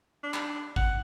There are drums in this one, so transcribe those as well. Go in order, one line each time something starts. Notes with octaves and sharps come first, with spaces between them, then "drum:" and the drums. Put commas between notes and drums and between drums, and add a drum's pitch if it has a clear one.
D4
drum: clap
F#5, drum: kick G#1